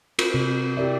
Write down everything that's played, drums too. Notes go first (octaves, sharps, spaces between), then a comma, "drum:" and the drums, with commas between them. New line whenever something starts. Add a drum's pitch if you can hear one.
A#4, drum: cymbal
C3
E4 G4 A#4 D5 E5